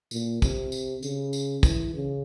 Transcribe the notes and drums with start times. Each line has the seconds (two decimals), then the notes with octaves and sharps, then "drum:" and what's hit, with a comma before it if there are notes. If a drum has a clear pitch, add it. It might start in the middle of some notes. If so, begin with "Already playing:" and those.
0.11 A#2, drum: tambourine
0.42 C3, drum: kick, tambourine
0.72 drum: tambourine
1.03 C#3, drum: tambourine
1.33 drum: tambourine
1.63 E3, drum: kick, tambourine
1.94 C#3